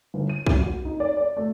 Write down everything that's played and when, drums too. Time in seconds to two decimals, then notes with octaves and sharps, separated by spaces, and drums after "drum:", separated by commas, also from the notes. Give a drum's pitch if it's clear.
0.14 G1
0.29 D#7
0.46 F#3, drum: kick
0.61 F#4
0.85 D#4
1.00 D5
1.17 D5
1.37 A3